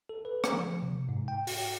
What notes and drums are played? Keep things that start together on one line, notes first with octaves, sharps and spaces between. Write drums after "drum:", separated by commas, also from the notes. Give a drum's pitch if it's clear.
A4
B4
drum: rim click
F3
C3
G#2
G5
F#4, drum: open hi-hat